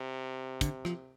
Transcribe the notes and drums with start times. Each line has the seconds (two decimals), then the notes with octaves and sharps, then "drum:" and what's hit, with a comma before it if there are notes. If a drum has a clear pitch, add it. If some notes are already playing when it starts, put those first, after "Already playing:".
Already playing: C3
0.61 D3, drum: kick, hi-hat
0.85 F3, drum: rim click